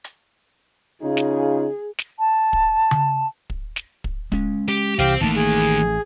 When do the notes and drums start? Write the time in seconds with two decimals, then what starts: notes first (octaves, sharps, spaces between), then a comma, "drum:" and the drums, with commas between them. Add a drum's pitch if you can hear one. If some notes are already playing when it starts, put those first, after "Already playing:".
0.04 drum: hi-hat
1.02 C#3 D#4 F4 G#4
1.17 drum: snare
1.99 drum: snare
2.19 A5
2.53 drum: kick
2.91 drum: tom C#3
3.50 drum: kick
3.76 drum: snare
4.04 drum: kick
4.32 G#3 C#4, drum: kick
4.68 G4
4.99 C2 E3 C4 G4 F5, drum: snare
5.21 A1 D#3 A3 A#3 A5
5.36 G#4